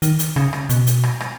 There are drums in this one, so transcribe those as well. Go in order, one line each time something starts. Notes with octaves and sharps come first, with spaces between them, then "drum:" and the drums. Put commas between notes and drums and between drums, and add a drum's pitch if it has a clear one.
D#3, drum: hi-hat
drum: hi-hat
C#3, drum: rim click
drum: rim click
B2, drum: hi-hat
drum: hi-hat
drum: rim click
drum: rim click